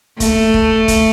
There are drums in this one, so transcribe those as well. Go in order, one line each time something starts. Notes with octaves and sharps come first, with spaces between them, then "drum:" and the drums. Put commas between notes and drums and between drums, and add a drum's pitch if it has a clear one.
A3, drum: kick, hi-hat
drum: kick
drum: kick, hi-hat